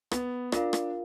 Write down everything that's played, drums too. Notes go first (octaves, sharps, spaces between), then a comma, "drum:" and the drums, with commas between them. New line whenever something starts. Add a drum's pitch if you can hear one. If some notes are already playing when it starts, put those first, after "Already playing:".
B3, drum: rim click
D4 F4 A#4 F5, drum: rim click
drum: rim click